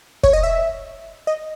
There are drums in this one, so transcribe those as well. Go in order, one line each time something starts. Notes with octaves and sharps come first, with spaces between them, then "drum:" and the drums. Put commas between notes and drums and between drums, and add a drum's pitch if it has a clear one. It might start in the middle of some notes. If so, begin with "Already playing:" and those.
C#5, drum: kick
D#5
E5
D#5